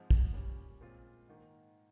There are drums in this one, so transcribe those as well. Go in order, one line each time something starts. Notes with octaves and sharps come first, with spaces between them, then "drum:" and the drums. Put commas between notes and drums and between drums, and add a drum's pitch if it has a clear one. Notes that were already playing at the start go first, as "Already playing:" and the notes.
Already playing: G#2 F3 G#3 C4
drum: kick
A#2 G3 C#4
A#2 G#3 C4 F4
G#2 D#3 A#3